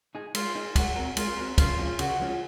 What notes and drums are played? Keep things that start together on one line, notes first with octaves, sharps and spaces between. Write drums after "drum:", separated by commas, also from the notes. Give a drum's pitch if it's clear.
D#4 G#4
G#3 F4, drum: cymbal
D#4 G#4
G#3 F#4, drum: kick, cymbal
C4 F#4 A#4
G#3 F4, drum: cymbal
C4 F#4 A#4
C#3 F4, drum: kick, cymbal
F3 G#3 C#4 F4
C#3 F#4, drum: cymbal
F3 G#3 C#4 F4